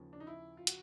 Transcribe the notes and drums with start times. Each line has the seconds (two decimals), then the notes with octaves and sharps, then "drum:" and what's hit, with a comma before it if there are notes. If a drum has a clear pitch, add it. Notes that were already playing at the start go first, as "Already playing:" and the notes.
Already playing: D#2 C#3 F3
0.13 D4
0.20 D#4
0.27 E4
0.57 F4
0.67 F#4, drum: hi-hat